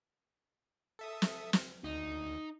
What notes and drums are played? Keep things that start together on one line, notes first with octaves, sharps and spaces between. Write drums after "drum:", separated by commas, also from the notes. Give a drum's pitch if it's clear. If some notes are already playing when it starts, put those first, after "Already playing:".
A4 E5 D#6
drum: snare
drum: snare
D2 D#4